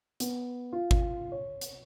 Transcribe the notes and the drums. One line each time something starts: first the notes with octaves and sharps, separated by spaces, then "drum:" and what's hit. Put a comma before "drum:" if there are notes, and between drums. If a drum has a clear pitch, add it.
B3, drum: hi-hat
F4
drum: kick G#1
C#5
drum: hi-hat